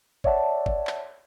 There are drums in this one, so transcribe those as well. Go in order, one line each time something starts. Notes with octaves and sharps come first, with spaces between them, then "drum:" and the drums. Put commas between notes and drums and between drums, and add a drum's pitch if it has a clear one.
C#5 D5 E5 F#5 A5, drum: kick
drum: kick
drum: clap